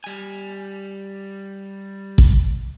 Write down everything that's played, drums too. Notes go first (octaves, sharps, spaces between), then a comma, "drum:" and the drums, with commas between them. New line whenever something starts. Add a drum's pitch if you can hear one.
G3 G#5
drum: kick